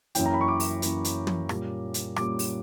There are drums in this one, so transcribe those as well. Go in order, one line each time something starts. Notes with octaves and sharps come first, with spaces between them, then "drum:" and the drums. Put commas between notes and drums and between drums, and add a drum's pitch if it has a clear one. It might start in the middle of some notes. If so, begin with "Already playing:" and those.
F#2 E3 A#3 C#4 E4 G5, drum: hi-hat
A#5
B5
C#6
D6
drum: open hi-hat
F#2 E3 A#3 C#4 E4, drum: hi-hat
drum: hi-hat
drum: tom
A#2 G3 A#3 C#4, drum: rim click
drum: hi-hat
A#2 G3 A#3 C#4 D6, drum: rim click
drum: open hi-hat